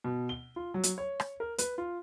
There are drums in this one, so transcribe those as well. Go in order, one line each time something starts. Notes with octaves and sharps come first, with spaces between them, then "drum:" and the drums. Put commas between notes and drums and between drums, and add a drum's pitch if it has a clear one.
B2
G7
F4
F#3
drum: hi-hat
C#5
drum: rim click
A#4
B4, drum: hi-hat
F4